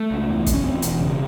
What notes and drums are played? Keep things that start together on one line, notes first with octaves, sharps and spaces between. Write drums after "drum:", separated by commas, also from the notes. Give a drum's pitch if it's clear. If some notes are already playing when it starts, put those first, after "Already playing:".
Already playing: A3
C#2
E2
F#1, drum: kick, hi-hat
C#4
E2 C4
E1, drum: hi-hat
C#3